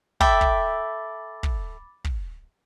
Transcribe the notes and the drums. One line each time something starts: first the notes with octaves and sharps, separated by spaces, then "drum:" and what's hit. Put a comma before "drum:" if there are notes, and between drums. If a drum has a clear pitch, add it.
A4 E5 G5 B5 D6 A6, drum: kick
drum: kick
drum: kick
drum: kick